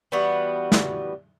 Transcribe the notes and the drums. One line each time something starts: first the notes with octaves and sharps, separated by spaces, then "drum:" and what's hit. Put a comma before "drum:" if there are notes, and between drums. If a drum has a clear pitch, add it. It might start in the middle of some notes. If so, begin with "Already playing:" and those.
E3 G3 B3 F#4
drum: snare